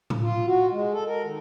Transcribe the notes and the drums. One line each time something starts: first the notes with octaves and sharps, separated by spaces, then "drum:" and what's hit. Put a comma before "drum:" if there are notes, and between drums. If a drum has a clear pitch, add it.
drum: tom A2
F4
F#4
G#3
A4
A#4
D#3